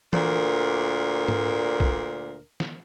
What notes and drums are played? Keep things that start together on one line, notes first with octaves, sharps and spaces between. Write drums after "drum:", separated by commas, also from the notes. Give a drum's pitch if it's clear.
D2 A#2 D4 A#4, drum: tom E3
drum: tom G#2
drum: kick
drum: snare